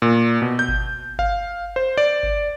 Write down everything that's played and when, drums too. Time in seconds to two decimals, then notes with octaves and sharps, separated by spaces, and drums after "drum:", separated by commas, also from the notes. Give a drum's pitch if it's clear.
0.02 A#2
0.42 B2
0.59 G6
0.69 drum: kick G1
1.19 F5, drum: kick G1
1.76 C5
1.98 D5
2.23 drum: kick G1